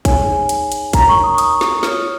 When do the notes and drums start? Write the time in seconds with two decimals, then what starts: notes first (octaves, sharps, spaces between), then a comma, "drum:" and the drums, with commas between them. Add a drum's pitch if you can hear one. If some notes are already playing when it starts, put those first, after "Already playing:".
0.05 D#4 G#4 C#5 G#5, drum: kick, hi-hat
0.49 drum: hi-hat
0.72 drum: hi-hat
0.93 D#4 A#4 C#5 A#5, drum: kick, hi-hat
1.09 C#6
1.24 D#6
1.38 D#6, drum: hi-hat
1.61 drum: snare
1.83 F4 C#5 F6, drum: snare